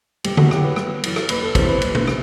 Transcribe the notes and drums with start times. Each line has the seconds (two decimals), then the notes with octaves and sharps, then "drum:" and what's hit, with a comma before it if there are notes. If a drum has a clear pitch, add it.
0.24 G1 G4, drum: cymbal
0.37 F#4, drum: tom
0.51 F#2 E3 G4, drum: rim click
0.64 B4
0.76 G1, drum: rim click
1.04 F#2 E3, drum: cymbal
1.16 drum: rim click
1.29 F#1 B4, drum: cymbal
1.42 A4
1.55 E2 C3 E3 G3 C5, drum: kick, cymbal
1.69 B4
1.82 F#1, drum: cymbal
1.95 drum: tom
2.07 C3 G3, drum: rim click